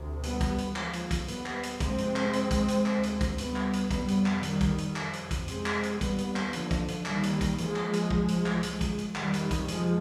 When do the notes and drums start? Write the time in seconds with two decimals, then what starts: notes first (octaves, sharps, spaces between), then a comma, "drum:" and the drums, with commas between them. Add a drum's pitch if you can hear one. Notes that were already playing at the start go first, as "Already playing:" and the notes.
Already playing: D2 C3
0.23 G3 B3, drum: hi-hat
0.41 drum: kick, hi-hat
0.58 drum: hi-hat
0.76 D#2 F3 G#3, drum: clap
0.93 drum: hi-hat
1.11 drum: kick, hi-hat
1.28 G3 B3, drum: hi-hat
1.46 drum: clap
1.63 drum: hi-hat
1.80 F2 C3 G#3 C4, drum: kick, hi-hat
1.98 drum: hi-hat
2.16 drum: clap
2.33 drum: hi-hat
2.51 drum: kick, hi-hat
2.68 drum: hi-hat
2.86 D2 C3, drum: clap
3.03 drum: hi-hat
3.21 drum: kick, hi-hat
3.38 G3 B3, drum: hi-hat
3.56 drum: clap
3.73 drum: hi-hat
3.91 F2 C3 G3 B3, drum: kick, hi-hat
4.08 drum: hi-hat
4.26 drum: clap
4.43 D#3 G3, drum: hi-hat
4.61 drum: kick, hi-hat
4.78 drum: hi-hat
4.96 F2 C3, drum: clap
5.13 drum: hi-hat
5.31 drum: kick, hi-hat
5.48 G#3 C4, drum: hi-hat
5.66 drum: clap
5.83 drum: hi-hat
6.01 D#2 G3 B3, drum: kick, hi-hat
6.18 drum: hi-hat
6.36 drum: clap
6.53 D3 F3, drum: hi-hat
6.71 drum: kick, hi-hat
6.88 drum: hi-hat
7.05 D#2 D#3 G3, drum: clap
7.23 drum: hi-hat
7.41 drum: kick, hi-hat
7.58 F3 G#3, drum: hi-hat
7.76 drum: clap
7.93 drum: hi-hat
8.11 C2 C3, drum: kick
8.28 drum: hi-hat
8.46 drum: clap
8.63 F3 G#3, drum: hi-hat
8.81 drum: kick, hi-hat
8.98 drum: hi-hat
9.15 F2 C3 D#3 G3, drum: clap
9.33 drum: hi-hat
9.51 drum: kick, hi-hat
9.68 F3 G#3, drum: hi-hat